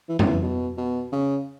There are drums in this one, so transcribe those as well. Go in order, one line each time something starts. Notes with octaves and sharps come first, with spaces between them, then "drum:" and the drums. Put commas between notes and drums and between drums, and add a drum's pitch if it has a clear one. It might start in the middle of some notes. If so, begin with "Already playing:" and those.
E3
D#3, drum: tom F2
E3
B2
B2
C#3